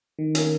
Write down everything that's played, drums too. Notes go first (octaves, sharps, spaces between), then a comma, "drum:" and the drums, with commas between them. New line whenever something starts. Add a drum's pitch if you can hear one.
D#3
A#3 C#4, drum: hi-hat